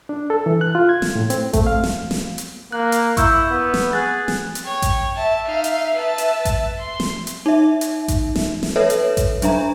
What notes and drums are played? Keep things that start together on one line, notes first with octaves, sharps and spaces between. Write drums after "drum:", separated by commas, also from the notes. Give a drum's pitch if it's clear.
D4
A4
E3
F#6
F4
G#6
drum: snare
A2
C4, drum: hi-hat
A3, drum: kick A1, hi-hat
F5
drum: snare
drum: snare
drum: hi-hat
A#3 F#6
drum: hi-hat
E4 C#6 E6 G6, drum: kick A1, hi-hat
B3
drum: snare
G#4 F#6 A6
drum: snare
drum: hi-hat
C#5 G5
drum: kick A1, hi-hat
E5 A5
D#4 F5
drum: hi-hat
B4 A5
drum: hi-hat
drum: kick A1, hi-hat
C6
drum: snare
drum: hi-hat
D#4 E5
drum: hi-hat
drum: kick A1, hi-hat
drum: snare
drum: snare
A4 B4 C#5 E5
drum: hi-hat
drum: kick A1, hi-hat
F#3 D4 E5 A#5, drum: hi-hat